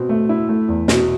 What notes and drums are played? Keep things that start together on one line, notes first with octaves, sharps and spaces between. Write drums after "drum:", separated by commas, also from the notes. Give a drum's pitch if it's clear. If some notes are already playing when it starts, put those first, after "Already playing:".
Already playing: B2 C4
A3
E4
A3
E2
B2, drum: snare